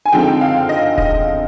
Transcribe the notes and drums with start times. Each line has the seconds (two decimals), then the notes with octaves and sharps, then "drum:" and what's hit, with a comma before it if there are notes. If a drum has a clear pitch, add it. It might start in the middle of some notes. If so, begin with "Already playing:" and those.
0.06 G#5
0.12 D3 F3 G#3 C4 D#4 G5
0.41 F5
0.69 D#5
0.98 D#5, drum: kick D#1